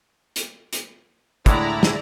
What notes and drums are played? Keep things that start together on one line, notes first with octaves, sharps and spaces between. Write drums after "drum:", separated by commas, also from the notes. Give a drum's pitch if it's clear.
drum: hi-hat
drum: hi-hat
A2 D3 G#3 E4 D5 A#5, drum: kick, hi-hat
drum: snare